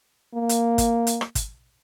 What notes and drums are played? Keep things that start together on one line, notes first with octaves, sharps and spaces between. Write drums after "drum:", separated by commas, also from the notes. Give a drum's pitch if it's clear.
A#3
drum: hi-hat
drum: kick, hi-hat
drum: hi-hat
drum: rim click
drum: kick, hi-hat